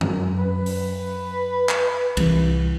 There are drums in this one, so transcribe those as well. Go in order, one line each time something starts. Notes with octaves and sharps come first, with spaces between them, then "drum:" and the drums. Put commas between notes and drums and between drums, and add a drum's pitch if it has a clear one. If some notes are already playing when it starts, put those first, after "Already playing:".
F#2, drum: tom F#2
B4
drum: open hi-hat
drum: clap
C2 E3, drum: cymbal